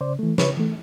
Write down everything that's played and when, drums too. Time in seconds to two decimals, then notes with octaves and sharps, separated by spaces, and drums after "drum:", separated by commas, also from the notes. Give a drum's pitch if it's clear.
0.01 C#3 C5 D5
0.19 E3 A3
0.38 C#3 B4 C#5, drum: snare
0.57 E3 A3